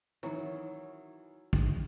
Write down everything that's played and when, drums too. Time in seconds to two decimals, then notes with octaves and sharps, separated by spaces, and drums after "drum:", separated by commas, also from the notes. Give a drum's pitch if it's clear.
0.23 D#3 E3 F#3
1.53 drum: kick